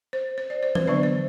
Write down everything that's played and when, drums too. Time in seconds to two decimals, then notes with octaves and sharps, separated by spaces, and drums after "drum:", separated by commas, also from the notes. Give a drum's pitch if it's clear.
0.13 C5
0.38 C5
0.50 D5
0.63 C5
0.75 B4, drum: tom E3
0.87 D3 F#3 B3 D4 D5
1.03 C5